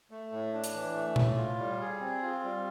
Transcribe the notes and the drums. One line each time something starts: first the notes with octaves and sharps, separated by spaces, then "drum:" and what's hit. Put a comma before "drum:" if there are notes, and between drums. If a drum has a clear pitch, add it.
A3
A2
D4
drum: hi-hat
E3
A3
A2, drum: tom A#2
F4
G3
G#4
C4
F4
G3